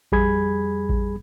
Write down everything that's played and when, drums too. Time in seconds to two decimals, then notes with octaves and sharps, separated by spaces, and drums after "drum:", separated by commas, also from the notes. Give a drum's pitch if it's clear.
0.12 F2 G3 G#4 B5 G#6, drum: kick A1
0.89 drum: kick A1